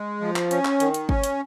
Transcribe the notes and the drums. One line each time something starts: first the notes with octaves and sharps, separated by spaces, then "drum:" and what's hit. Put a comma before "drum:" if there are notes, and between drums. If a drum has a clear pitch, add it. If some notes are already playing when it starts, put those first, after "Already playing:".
Already playing: G#3
F3
drum: clap
C#4, drum: hi-hat
drum: clap
D#3, drum: hi-hat
drum: hi-hat
C#4, drum: kick G1
drum: hi-hat